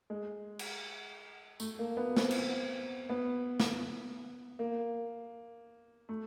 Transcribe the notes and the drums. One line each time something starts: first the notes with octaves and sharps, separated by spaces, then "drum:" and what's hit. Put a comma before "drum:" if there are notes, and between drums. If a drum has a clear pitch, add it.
G#3
drum: cymbal
A3, drum: tambourine
A#3
B3
C4, drum: snare
drum: cymbal
B3
drum: snare
A#3
A3